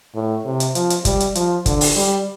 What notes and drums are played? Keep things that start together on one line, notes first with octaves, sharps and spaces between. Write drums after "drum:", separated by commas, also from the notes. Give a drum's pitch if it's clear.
A2
C3
drum: hi-hat
F3, drum: hi-hat
drum: hi-hat
G3, drum: kick, hi-hat
drum: hi-hat
F3, drum: hi-hat
D3, drum: kick, hi-hat
drum: open hi-hat
G3